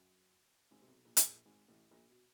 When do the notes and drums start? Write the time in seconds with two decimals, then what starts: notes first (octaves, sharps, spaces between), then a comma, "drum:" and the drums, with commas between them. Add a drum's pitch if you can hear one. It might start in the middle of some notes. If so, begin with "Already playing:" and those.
Already playing: F#2
0.71 G#1 G#2
0.81 C3
0.88 B1 B2
1.05 A#1 A#2
1.17 A2, drum: hi-hat
1.23 A#1 A#2
1.45 G#1 G#2
1.68 A1 A2
1.91 A#1 A#2
2.09 B2